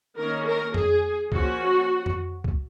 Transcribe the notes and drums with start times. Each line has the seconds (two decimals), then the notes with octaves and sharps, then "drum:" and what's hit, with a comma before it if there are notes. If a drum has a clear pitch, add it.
0.18 D#3 A#3 C#4 A#4
0.46 A#4
0.74 G#4, drum: tom F2
1.32 F3 A#3 C#4 F#4, drum: kick C2
2.06 drum: tom F2
2.44 drum: kick C2